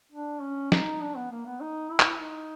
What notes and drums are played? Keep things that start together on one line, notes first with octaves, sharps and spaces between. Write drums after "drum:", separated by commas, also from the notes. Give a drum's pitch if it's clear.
D4
C#4
D#4, drum: snare
D4
B3
A#3
B3
D#4
E4
D#4, drum: clap
E4
D#4